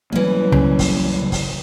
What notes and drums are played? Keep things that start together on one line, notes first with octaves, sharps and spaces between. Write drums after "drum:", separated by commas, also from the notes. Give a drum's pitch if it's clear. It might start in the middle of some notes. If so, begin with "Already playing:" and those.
E3 F#3 G3 A#3 C#4
C#3, drum: tom C#2
drum: kick, open hi-hat
drum: kick, open hi-hat